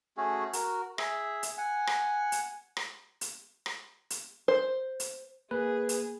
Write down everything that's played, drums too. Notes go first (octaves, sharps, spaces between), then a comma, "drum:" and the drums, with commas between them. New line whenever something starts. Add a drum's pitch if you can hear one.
A3 C#4 F#4 G#4
F#4 A#4, drum: hi-hat
G#4 E5, drum: rim click
drum: hi-hat
F#5 G#5
drum: rim click
drum: hi-hat
drum: rim click
drum: hi-hat
drum: rim click
drum: hi-hat
C5
drum: hi-hat
A#3 G#4 B4
drum: hi-hat